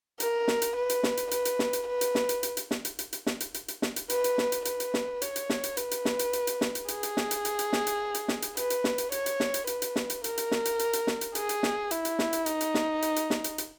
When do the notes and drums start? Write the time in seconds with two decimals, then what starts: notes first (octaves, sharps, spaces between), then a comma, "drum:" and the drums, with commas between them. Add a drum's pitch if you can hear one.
0.20 A#4, drum: hi-hat
0.48 drum: snare
0.62 drum: hi-hat
0.76 B4
0.90 drum: hi-hat
1.03 drum: snare
1.17 drum: hi-hat
1.31 B4, drum: hi-hat
1.45 drum: hi-hat
1.59 drum: snare
1.73 drum: hi-hat
1.87 B4
2.01 drum: hi-hat
2.15 drum: snare
2.29 drum: hi-hat
2.43 drum: hi-hat
2.57 drum: hi-hat
2.71 drum: snare
2.85 drum: hi-hat
2.99 drum: hi-hat
3.13 drum: hi-hat
3.27 drum: snare
3.40 drum: hi-hat
3.54 drum: hi-hat
3.68 drum: hi-hat
3.82 drum: snare
3.96 drum: hi-hat
4.10 B4, drum: hi-hat
4.24 drum: hi-hat
4.38 drum: snare
4.52 drum: hi-hat
4.65 B4, drum: hi-hat
4.80 drum: hi-hat
4.94 drum: snare
5.22 C#5, drum: hi-hat
5.36 drum: hi-hat
5.50 drum: snare
5.64 drum: hi-hat
5.77 B4, drum: hi-hat
5.91 drum: hi-hat
6.05 drum: snare
6.19 drum: hi-hat
6.33 drum: hi-hat
6.47 drum: hi-hat
6.61 drum: snare
6.75 drum: hi-hat
6.88 G#4, drum: hi-hat
7.03 drum: hi-hat
7.17 drum: snare
7.31 drum: hi-hat
7.45 drum: hi-hat
7.59 drum: hi-hat
7.73 drum: snare
7.87 drum: hi-hat
8.14 drum: hi-hat
8.28 drum: snare
8.42 drum: hi-hat
8.57 B4, drum: hi-hat
8.70 drum: hi-hat
8.84 drum: snare
8.98 drum: hi-hat
9.12 C#5, drum: hi-hat
9.26 drum: hi-hat
9.40 drum: snare
9.54 drum: hi-hat
9.67 B4, drum: hi-hat
9.82 drum: hi-hat
9.96 drum: snare
10.10 drum: hi-hat
10.24 A#4, drum: hi-hat
10.38 drum: hi-hat
10.51 drum: snare
10.65 drum: hi-hat
10.79 drum: hi-hat
10.93 drum: hi-hat
11.07 drum: snare
11.21 drum: hi-hat
11.35 G#4, drum: hi-hat
11.49 drum: hi-hat
11.63 drum: snare
11.91 E4, drum: hi-hat
12.05 drum: hi-hat
12.19 drum: snare
12.33 drum: hi-hat
12.46 D#4, drum: hi-hat
12.61 drum: hi-hat
12.75 drum: snare
13.02 drum: hi-hat
13.16 drum: hi-hat
13.30 drum: snare
13.44 drum: hi-hat
13.58 drum: hi-hat